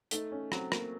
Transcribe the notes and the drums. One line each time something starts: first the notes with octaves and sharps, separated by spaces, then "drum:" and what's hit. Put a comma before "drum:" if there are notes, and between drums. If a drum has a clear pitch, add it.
A3 D#4, drum: hi-hat
C#4
F#3 C4, drum: rim click
A#3, drum: rim click